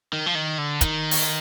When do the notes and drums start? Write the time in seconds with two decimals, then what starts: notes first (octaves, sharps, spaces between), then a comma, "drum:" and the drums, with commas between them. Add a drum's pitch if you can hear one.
0.13 D#3
0.26 F3
0.35 D#3
0.58 D3
0.81 D#3, drum: kick, hi-hat
1.11 drum: open hi-hat